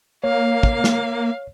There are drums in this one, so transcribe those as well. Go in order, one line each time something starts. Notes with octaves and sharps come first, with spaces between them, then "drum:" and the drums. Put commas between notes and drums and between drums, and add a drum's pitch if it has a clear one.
A#3 C#5 F5
drum: kick
drum: snare